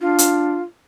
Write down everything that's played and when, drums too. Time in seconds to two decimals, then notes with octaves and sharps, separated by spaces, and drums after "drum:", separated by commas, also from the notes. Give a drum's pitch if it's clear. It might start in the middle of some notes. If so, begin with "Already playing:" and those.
0.01 D4 F4
0.18 drum: hi-hat